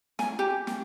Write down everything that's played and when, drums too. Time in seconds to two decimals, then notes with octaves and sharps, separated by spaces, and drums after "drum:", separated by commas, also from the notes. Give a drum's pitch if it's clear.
0.19 G#5, drum: snare
0.39 G4
0.67 drum: snare